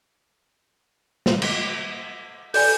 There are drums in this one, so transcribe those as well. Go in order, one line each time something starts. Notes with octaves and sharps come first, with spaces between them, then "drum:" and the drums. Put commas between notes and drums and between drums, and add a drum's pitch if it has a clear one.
drum: snare
drum: cymbal
A4 D5 G#5 G6, drum: open hi-hat